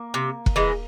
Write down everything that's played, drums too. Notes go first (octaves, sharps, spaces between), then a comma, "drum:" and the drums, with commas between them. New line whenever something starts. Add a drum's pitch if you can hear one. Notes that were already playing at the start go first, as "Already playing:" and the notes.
Already playing: A#3
C3
drum: kick F1
E3 G#3